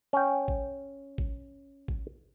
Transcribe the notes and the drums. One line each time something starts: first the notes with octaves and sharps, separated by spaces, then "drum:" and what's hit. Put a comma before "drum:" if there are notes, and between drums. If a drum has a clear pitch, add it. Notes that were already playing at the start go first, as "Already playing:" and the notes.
C#4 G5
drum: kick
drum: kick
drum: kick